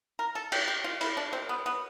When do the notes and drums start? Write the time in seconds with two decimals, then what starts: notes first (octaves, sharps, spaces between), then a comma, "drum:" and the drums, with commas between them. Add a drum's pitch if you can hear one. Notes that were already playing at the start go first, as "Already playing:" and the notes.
0.19 A#4
0.35 A4
0.52 G4, drum: cymbal
0.68 G4
0.84 F4
1.01 E4, drum: cymbal
1.17 D4
1.33 C4
1.49 B3
1.66 B3